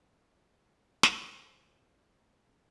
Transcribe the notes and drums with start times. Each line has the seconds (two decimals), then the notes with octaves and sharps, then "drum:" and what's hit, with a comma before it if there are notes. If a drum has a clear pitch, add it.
1.03 D3 F#3 G3 G#4 C5, drum: snare